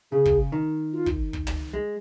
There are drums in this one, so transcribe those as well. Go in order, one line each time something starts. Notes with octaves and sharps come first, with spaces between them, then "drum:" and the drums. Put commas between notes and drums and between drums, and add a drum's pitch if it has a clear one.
C#3 G#4
drum: kick
D#3
F4
drum: kick
drum: kick
drum: tom
G#3